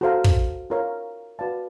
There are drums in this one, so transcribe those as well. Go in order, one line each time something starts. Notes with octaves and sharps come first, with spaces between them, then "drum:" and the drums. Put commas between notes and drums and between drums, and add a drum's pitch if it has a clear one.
F#4 A4 C5 F5 A#5
drum: kick
F4 A#4 C#5 F5
F#4 B4 D5 F5 A5